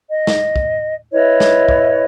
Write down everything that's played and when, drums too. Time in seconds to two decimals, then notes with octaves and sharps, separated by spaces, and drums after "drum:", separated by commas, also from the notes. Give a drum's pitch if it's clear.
0.08 D#5
0.27 drum: snare
0.56 drum: kick
1.12 E4 B4 C#5 D#5
1.40 drum: snare
1.69 drum: kick